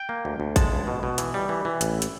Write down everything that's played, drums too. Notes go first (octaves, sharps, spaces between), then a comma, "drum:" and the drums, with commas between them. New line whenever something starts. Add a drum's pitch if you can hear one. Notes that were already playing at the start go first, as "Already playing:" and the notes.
Already playing: G5
A#3
D2
D2
G#3 A5, drum: kick A1, hi-hat
C#2
B2
B2
E3, drum: hi-hat
G3
E3
E3
A1, drum: hi-hat
drum: hi-hat